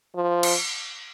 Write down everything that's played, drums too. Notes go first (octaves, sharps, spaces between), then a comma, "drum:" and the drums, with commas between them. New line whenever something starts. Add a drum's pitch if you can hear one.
F3
drum: cymbal